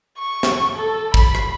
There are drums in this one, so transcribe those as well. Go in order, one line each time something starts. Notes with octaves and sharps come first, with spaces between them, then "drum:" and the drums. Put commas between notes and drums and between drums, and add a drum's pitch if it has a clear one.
C#6
drum: snare
A4
B5, drum: kick
drum: rim click